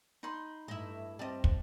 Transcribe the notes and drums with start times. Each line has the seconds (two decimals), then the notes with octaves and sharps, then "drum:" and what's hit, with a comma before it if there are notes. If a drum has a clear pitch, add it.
0.23 D#4 B5 C6
0.68 G2 A3 E4 D#5
1.19 G3 C4 D#5 A5
1.44 drum: kick